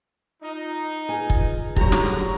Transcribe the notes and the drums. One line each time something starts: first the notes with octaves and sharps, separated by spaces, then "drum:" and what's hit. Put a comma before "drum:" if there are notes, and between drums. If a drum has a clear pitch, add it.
D#4 F4 D#5
F4 G#4 B4 G#5
drum: kick
D3 F#3 G4 A#5, drum: kick
drum: snare